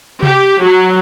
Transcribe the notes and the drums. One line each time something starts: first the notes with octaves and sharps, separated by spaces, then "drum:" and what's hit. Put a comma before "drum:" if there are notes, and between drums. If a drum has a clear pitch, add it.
G4, drum: tom C3
F#3